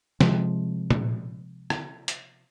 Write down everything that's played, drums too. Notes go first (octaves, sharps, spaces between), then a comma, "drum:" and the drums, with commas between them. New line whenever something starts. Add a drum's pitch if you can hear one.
C3 F3 G#3, drum: snare
drum: tom A#2
drum: rim click
drum: hi-hat